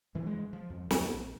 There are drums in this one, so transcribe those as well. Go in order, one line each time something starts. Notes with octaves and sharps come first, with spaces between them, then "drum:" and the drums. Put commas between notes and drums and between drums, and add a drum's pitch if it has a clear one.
F#2 E3 F3
G2 G#3
F3
F2
D1 A#3 B3, drum: snare
A#1